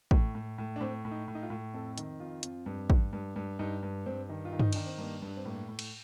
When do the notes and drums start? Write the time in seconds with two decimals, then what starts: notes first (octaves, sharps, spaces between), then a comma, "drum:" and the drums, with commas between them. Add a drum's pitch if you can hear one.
0.11 A2, drum: kick
0.35 A2
0.58 A2
0.76 D4
0.81 A2 C4
1.05 A2
1.11 D#4
1.28 A2
1.35 D#4
1.43 F4
1.50 A2
1.73 F2 A4
1.98 D#3, drum: hi-hat
2.20 F2 F4
2.43 F2, drum: hi-hat
2.66 G2
2.90 G2, drum: kick
3.13 G2
3.36 G2
3.59 G2 D#4
3.83 G2
4.06 G2 C4
4.29 D#3
4.45 F4
4.53 D#3
4.60 D#4, drum: tom G2
4.73 D#3 D4, drum: cymbal
4.86 C4
4.98 G2 A#3
5.22 G2
5.28 D4
5.37 C4
5.45 A2 A#3
5.69 A2
5.79 drum: cymbal